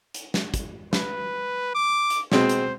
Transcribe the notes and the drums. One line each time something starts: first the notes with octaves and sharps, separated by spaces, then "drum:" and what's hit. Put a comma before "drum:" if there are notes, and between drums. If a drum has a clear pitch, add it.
drum: hi-hat
drum: snare
drum: kick, hi-hat
B4, drum: snare
D6
drum: hi-hat
B2 G#3 C4 C5, drum: snare
drum: hi-hat